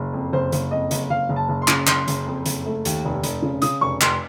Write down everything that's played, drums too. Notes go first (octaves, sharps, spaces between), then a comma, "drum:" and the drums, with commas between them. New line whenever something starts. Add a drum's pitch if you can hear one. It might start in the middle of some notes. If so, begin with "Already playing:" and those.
Already playing: F#1
F2
F#1 C5
F#1, drum: hi-hat
F2 D#5
F#1, drum: hi-hat
F#1 F5
F#1
A5
F#1
C6
C#3, drum: clap
F#1 C6, drum: clap
F#1, drum: hi-hat
F2
F#1, drum: hi-hat
A3
D#2, drum: hi-hat
F1
F1, drum: hi-hat
C#3
C#3 D#6, drum: hi-hat
F1 C#6
F1 C6, drum: clap